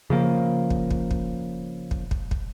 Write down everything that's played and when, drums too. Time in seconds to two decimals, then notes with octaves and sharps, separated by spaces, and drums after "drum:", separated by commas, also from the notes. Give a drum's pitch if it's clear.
0.10 C#3 F3 A#3
0.70 drum: kick
0.91 drum: kick
1.11 drum: kick
1.91 drum: kick
2.11 drum: kick
2.31 drum: kick